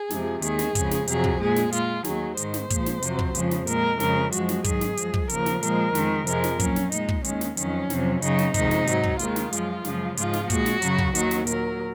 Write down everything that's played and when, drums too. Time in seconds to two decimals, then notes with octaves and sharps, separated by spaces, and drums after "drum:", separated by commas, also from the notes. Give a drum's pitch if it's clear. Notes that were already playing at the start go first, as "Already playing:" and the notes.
Already playing: G#4
0.10 F2 C3 F3 G#3, drum: snare
0.42 D#2 D#3 G#3 G#4, drum: hi-hat
0.59 drum: snare
0.75 F2 C#3 G#3, drum: kick, hi-hat
0.91 drum: snare
1.07 F2 C3 F#3 G#4, drum: hi-hat
1.24 drum: kick
1.40 A#2 G#3 G#4
1.56 drum: snare
1.72 A#2 G#3 F4, drum: hi-hat
2.04 D#2 D#3 F#3 G#4, drum: snare
2.37 G#2 D#3 G#3 C5, drum: hi-hat
2.54 drum: snare
2.70 A#2 F3 G#3, drum: kick, hi-hat
2.86 drum: snare
3.02 F2 C3 F#3, drum: hi-hat
3.19 drum: kick
3.35 F2 C#3 F3 G#3, drum: hi-hat
3.51 drum: snare
3.67 A#2 G#3 A#4, drum: hi-hat
4.00 F2 C#3 G#3 A#4, drum: snare
4.32 F#2 F3 G#3 F#4, drum: hi-hat
4.49 drum: snare
4.64 G#2 D#3 F#3 G#4, drum: kick, hi-hat
4.81 drum: snare
4.97 F#2 F3 G#3, drum: hi-hat
5.14 drum: kick
5.29 D#2 C#3 F3 A#4, drum: hi-hat
5.46 drum: snare
5.63 A#2 F3 G#3 A#4, drum: hi-hat
5.95 F2 D#3 G#3, drum: snare
6.27 F2 C3 F3 G#3 A#4, drum: hi-hat
6.44 drum: snare
6.60 A#2 F#3 C#4, drum: kick, hi-hat
6.76 drum: snare
6.92 A#2 G#3 D#4, drum: hi-hat
7.09 drum: kick
7.24 D#2 D#3 G#3 C#4, drum: hi-hat
7.41 drum: snare
7.57 F2 D#3 F#3 C#4, drum: hi-hat
7.90 F2 C3 F#3, drum: snare
8.22 F#2 C#3 F#3 D#4, drum: hi-hat
8.38 drum: snare
8.54 F2 C3 D#3 G#3 D#4, drum: kick, hi-hat
8.71 drum: snare
8.87 G#2 F#3, drum: hi-hat
9.03 drum: kick
9.19 D#2 D#3 G#3 F4, drum: hi-hat
9.36 drum: snare
9.53 F#2 F3 G#3, drum: hi-hat
9.85 F#2 C#3 F3 G#3, drum: snare
10.17 G#2 F3 G#3 F4, drum: hi-hat
10.33 drum: snare
10.50 A#2 G#3 F#4, drum: kick, hi-hat
10.66 drum: snare
10.82 F#2 C#3 F#3, drum: hi-hat
10.98 drum: kick
11.15 D#2 D#3 F#3 F#4, drum: hi-hat
11.31 drum: snare
11.47 A#2 F#3 A#4, drum: hi-hat